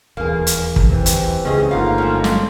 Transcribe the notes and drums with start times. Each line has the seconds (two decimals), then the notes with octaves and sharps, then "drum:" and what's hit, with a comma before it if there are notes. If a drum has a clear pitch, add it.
0.17 D#1 E2 A#3 G#4
0.47 drum: hi-hat
0.76 drum: kick
0.90 C3 E3
1.06 drum: hi-hat
1.45 C#2 C#3 C#4 G#4 D#5
1.71 G1 A2 A#3 D4 D#4 F4 F5 F#5
1.98 C4 C#4
2.24 drum: snare